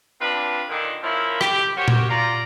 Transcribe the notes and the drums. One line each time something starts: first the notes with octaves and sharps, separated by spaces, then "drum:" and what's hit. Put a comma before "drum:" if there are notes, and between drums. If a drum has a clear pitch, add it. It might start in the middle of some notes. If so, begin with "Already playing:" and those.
C4 D4 F4 B4
A#2 D3 D#3
F3 A#3 C#4 E4
G4, drum: rim click
F#4 G4 A#4 C5 C#5
drum: tom A#2
F4 D5 A#5